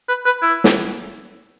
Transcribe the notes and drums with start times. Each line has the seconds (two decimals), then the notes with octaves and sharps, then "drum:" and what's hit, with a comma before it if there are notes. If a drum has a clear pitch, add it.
0.08 B4
0.25 B4
0.42 E4
0.64 drum: snare